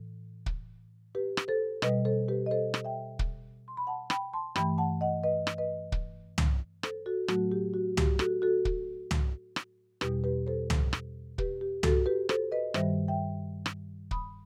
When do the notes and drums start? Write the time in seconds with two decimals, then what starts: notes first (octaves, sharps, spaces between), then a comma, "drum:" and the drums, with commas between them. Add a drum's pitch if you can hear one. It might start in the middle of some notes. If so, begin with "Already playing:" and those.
Already playing: A2 E3
0.46 drum: kick
1.15 G4 B4
1.37 drum: rim click
1.48 A4 C5
1.82 B2 G3 B4 D#5, drum: rim click
2.05 A4 C5
2.28 G4 B4
2.46 D#5
2.51 A4 C5
2.74 drum: rim click
2.85 E5 G5
3.19 drum: kick
3.68 C6
3.77 B5
3.87 F#5 A5
4.10 G5 B5, drum: rim click
4.33 A5 C6
4.56 G2 E3 A3 G5 B5, drum: rim click
4.78 F#5 A5
5.01 D#5 F#5
5.23 B4 D#5
5.47 drum: rim click
5.58 B4 D#5
5.92 drum: kick
6.38 drum: tom
6.83 A4 C5, drum: rim click
7.06 F#4 A4
7.28 A2 F#3 A3 F#4, drum: rim click
7.52 G4
7.74 F#4
7.97 G4, drum: tom
8.19 F#4 A4, drum: rim click
8.42 F#4 A4
8.65 drum: kick
9.11 drum: tom
9.56 drum: rim click
10.01 E2 B2 G3 G4 B4, drum: rim click
10.24 G4 B4
10.47 A4 C5
10.70 drum: tom
10.93 drum: rim click
11.38 G4 B4, drum: kick
11.61 G4
11.83 F#4 A4, drum: tom
12.06 G4 B4
12.29 A4 C5, drum: rim click
12.52 B4 D#5
12.74 G2 D#3 G3 C5 E5, drum: rim click
13.08 E5 G5
13.66 drum: rim click
14.11 B5 D#6, drum: kick